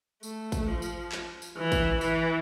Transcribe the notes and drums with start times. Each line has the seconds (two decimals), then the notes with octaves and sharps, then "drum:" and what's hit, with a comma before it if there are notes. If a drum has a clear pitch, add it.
0.23 A3, drum: tambourine
0.52 drum: kick, tambourine
0.67 F3
0.82 drum: tambourine
1.12 drum: clap
1.42 drum: tambourine
1.57 E3
1.72 drum: kick, tambourine
2.01 E3, drum: tambourine